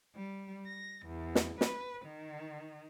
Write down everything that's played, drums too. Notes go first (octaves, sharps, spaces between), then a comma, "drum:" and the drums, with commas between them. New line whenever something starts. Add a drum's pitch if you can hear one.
G3
A#6
E2
drum: snare
B4, drum: snare
D#3